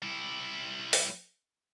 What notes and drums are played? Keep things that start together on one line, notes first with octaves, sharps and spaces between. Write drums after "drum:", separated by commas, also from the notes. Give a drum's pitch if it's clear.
G3 E4
drum: open hi-hat